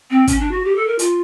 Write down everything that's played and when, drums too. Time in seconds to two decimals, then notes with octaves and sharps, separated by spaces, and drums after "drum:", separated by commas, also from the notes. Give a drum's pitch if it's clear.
0.10 C4
0.27 C#4, drum: kick, hi-hat
0.40 D4
0.51 F#4
0.64 G4
0.75 A4
0.86 A#4
0.99 F4, drum: hi-hat